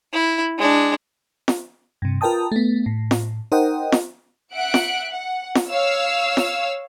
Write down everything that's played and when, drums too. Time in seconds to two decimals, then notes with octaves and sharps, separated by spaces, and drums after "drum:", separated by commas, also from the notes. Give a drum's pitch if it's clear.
0.13 E4
0.58 G#3 D4
1.48 drum: snare
2.02 G2 C3
2.21 F4 A#4 B4 G5 A5 D#6
2.52 A3 B3
2.86 A2
3.11 drum: snare
3.52 D#4 A#4 C5 D#5 F#5 G5
3.92 drum: snare
4.53 E5 F#5 F#6 D7
4.74 drum: snare
5.12 F#5
5.55 drum: snare
5.69 C#5 F5 E6
6.37 drum: snare